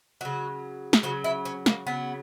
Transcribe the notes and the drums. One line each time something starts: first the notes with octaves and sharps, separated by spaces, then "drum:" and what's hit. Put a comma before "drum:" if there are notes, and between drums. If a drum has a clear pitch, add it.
C#3 F#3 F#4
drum: snare
C#3 F#3 F#4
E4
C#4
A#3, drum: snare
C#3 F#3 B3